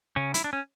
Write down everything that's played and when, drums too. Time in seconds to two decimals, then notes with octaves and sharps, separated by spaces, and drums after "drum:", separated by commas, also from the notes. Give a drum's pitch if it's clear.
0.16 C#3 C#4
0.34 E4, drum: hi-hat
0.44 D4
0.53 C#4